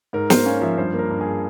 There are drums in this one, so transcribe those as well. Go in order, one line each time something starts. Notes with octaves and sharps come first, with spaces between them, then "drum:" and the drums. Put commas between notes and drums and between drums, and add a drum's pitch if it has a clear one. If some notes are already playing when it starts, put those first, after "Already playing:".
G#2 A#4
A#3 C5, drum: snare
C#4 F5
F3 E5
G2 C5
A#3
A#4
G2
G#4